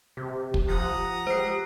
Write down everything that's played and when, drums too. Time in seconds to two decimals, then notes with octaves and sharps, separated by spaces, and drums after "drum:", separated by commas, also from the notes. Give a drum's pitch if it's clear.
0.17 C3 G4
0.54 drum: kick
0.69 F3 F#5 A#5 D#6
1.27 G#3 G4 C5 C7